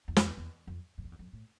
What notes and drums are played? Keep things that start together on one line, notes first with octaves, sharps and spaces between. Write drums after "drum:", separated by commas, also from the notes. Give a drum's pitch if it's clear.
E2
F2, drum: snare
E2
E2
F2
G2
F2
E2
F2
A2